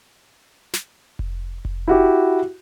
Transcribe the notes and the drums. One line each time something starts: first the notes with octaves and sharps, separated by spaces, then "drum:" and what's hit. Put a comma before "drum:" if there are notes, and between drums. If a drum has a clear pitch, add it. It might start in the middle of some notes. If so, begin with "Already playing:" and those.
drum: snare
drum: kick F1
drum: kick F1
E4 F#4 G4